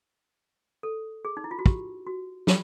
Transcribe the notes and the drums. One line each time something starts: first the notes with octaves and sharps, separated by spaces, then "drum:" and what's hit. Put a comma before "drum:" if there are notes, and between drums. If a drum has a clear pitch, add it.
A4
G#4
D#4
E4
F4
F#4
G4, drum: kick
F#4
F4, drum: snare